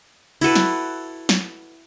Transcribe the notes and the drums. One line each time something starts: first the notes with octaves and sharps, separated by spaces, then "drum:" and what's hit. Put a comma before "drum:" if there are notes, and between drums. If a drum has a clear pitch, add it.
E4 F#4 A4 B4, drum: cymbal
drum: snare
drum: snare